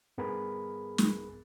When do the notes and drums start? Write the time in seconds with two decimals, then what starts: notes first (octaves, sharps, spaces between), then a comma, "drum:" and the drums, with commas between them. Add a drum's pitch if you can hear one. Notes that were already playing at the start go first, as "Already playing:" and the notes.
0.18 G2 B3 G#4 A#4 B5
0.98 drum: snare